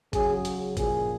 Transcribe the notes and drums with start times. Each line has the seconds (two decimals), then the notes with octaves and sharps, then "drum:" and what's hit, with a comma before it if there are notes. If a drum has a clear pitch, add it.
0.13 C#3 F#3 G#4, drum: kick, hi-hat
0.45 drum: hi-hat
0.77 A#2 F3 G#4, drum: kick, hi-hat